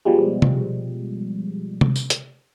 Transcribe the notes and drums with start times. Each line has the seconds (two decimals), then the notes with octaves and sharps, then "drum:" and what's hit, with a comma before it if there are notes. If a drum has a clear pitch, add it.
0.05 B2 F3 G3 G#3
0.42 drum: tom C3
1.81 drum: tom C3
1.96 drum: tambourine
2.10 drum: hi-hat